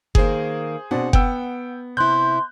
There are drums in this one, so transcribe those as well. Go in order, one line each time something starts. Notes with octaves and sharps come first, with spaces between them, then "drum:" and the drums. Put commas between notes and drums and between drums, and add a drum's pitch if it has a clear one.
D#3 A#3 G#4 C5, drum: kick F#1
B2 C4 D4 F#5
B3 G5 E6, drum: kick F#1
C3 E4 C6 F#6 G6